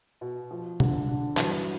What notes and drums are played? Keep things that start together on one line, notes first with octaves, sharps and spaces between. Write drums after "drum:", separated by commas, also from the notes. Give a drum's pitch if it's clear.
B2
F3
D3, drum: tom
D3
G2 E3 F#3, drum: clap